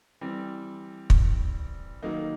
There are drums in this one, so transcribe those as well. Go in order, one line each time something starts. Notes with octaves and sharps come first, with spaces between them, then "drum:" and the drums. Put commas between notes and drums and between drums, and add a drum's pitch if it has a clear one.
E3 G3 C4
drum: kick
D#3 F#3 A#3 D#4